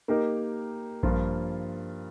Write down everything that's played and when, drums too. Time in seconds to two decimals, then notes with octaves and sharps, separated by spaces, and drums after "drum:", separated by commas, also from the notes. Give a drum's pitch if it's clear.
0.08 A#3 D#4 G4 A#4
1.03 G2 F3 A#3 F4, drum: kick A#1